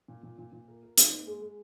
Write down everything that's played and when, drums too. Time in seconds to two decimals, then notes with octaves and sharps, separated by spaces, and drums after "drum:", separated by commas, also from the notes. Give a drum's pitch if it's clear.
0.08 A#2
0.23 A#2
0.38 A#2
0.53 A#2
0.68 A#4
0.83 A#4
0.98 D#4, drum: hi-hat
1.13 A#3
1.27 G#3
1.42 G#3